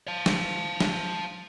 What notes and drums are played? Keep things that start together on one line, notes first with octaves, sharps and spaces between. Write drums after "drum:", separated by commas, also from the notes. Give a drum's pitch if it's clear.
F5 A5
drum: snare
drum: snare